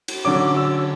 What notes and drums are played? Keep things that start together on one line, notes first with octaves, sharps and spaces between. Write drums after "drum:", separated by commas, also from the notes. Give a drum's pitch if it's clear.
drum: cymbal
D3 F#3 C#4 D6
E6